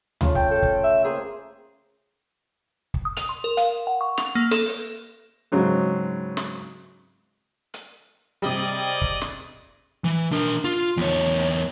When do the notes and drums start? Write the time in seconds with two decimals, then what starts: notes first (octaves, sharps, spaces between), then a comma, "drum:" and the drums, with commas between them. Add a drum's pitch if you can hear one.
0.21 C#3 A3 F4, drum: tom D2
0.35 G5 A5, drum: kick
0.51 A4
0.63 drum: kick
0.83 E5
1.04 A#3 G#4 C5
2.94 drum: kick
3.05 D#6
3.17 F7, drum: hi-hat
3.29 C6
3.44 A#4
3.57 F5, drum: hi-hat
3.87 F#5
4.01 C#6
4.18 F7, drum: snare
4.35 A#3
4.51 A4, drum: snare
4.66 drum: open hi-hat
5.52 G#2 C#3 F#3 C4
6.37 drum: snare
7.74 drum: hi-hat
8.42 C3 G3 G#4 D5 D#5
9.02 drum: kick
9.21 drum: snare
10.04 E3
10.32 D4 A#4
10.64 F4
10.97 E2 C#5